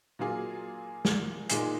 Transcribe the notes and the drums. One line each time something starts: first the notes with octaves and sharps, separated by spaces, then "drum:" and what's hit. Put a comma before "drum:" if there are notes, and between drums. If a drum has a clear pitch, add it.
A#2 F#3 A#3 F4 G#4
drum: snare
A#2 G#3 D#4 G#4, drum: hi-hat